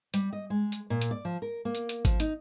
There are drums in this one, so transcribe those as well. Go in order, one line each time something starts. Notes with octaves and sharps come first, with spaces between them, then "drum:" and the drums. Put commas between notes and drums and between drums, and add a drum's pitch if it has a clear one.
G3, drum: hi-hat
D#5
G#3
drum: hi-hat
A#2
drum: hi-hat
D5
F3
A#4
A#3
drum: hi-hat
drum: hi-hat
F3, drum: kick G#1, hi-hat
D#4, drum: hi-hat